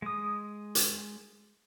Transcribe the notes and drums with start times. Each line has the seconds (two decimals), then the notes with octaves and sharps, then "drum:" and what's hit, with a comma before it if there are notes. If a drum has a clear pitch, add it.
0.02 G#3 D#6
0.75 drum: hi-hat